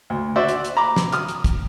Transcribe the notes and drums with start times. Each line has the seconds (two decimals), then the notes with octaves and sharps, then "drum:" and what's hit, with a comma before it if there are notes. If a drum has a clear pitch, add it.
0.10 D2
0.36 F#4 C5 D5 E5
0.48 drum: hi-hat
0.64 drum: hi-hat
0.77 A#5 B5 D6
0.96 drum: snare
1.12 D#6 F6, drum: hi-hat
1.28 drum: hi-hat
1.44 drum: kick, hi-hat